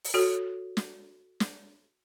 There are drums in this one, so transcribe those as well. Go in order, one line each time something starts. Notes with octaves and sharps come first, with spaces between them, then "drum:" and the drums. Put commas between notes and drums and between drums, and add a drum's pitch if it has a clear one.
drum: open hi-hat
F#4 A4 C#5
drum: snare
drum: snare